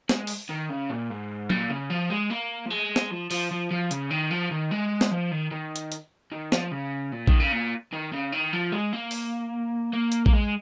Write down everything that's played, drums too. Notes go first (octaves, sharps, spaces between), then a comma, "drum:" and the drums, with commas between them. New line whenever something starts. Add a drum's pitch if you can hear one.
G#3, drum: snare
drum: open hi-hat
D#3
C#3
A#2
G#2
A#2, drum: tom F#3
C#3
F3
G#3
A#3
F3
G#3
drum: snare
F3
F3, drum: open hi-hat
F3
F3
C#3, drum: hi-hat
D#3
F3
D#3
G#3
drum: snare
F3
D#3
D#3
drum: hi-hat
drum: hi-hat
D#3
F3, drum: snare
C#3
A#2
D#3, drum: kick
C#3
A#2
D#3
C#3
D#3
F3
G#3
A#3
drum: open hi-hat
A#3
drum: hi-hat
A#3, drum: kick
G#3